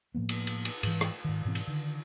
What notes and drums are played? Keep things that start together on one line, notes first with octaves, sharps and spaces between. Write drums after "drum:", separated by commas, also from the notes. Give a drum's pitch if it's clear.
A2 F3 A#3 B3
drum: cymbal
drum: cymbal
drum: cymbal
G#2 E3, drum: cymbal
drum: rim click
G#2 D#3
G#2 B2 E3 C4
drum: cymbal
D3 D#3